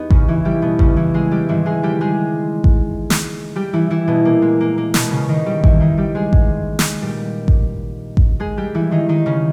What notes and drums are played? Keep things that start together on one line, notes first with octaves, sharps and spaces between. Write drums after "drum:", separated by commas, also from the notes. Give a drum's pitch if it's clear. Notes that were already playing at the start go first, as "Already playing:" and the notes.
Already playing: E2 B3 D#4 G4
C#3 C#4, drum: kick A1
E3 E4
G3 G4
B2 B3
C#3 C#4, drum: kick A1
E3 E4
G#3 G#4
G3 G4
G#2 D#3 E3 E4
G#3 G#4
G3 G4
G#3 G#4
drum: kick A1
drum: snare
G3 G4
E3 E4
E3 E4
B2 B3
A#2 A#3
G#3
A#3
A#3
B2 B3, drum: snare
C#3 C#4
D#3 D#4
G3 G4
E3 E4, drum: kick A1
D#3 D#4
G3 G4
G#3 G#4
drum: kick A1
drum: snare
A#2 G3 G4
drum: kick A1
drum: kick A1
G#3 G#4
G3 G4
E3 E4
D#3 D#4
D#3 D#4
C#3 C#4